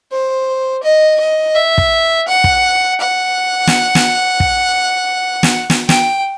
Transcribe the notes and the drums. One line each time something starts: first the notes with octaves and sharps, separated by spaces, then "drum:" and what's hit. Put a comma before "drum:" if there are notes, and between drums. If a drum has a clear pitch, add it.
C5
D#5
D#5
E5
drum: kick
F#5
drum: kick
F#5
drum: snare
drum: snare
drum: kick
drum: snare
drum: snare
G5, drum: snare